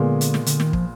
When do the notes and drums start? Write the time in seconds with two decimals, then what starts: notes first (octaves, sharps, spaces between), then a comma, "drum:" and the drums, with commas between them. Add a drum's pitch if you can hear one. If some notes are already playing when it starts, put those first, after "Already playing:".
Already playing: A#2 D3 G#3 B3
0.21 drum: hi-hat
0.34 drum: snare
0.46 D3, drum: hi-hat
0.60 D#3, drum: snare
0.73 F3, drum: kick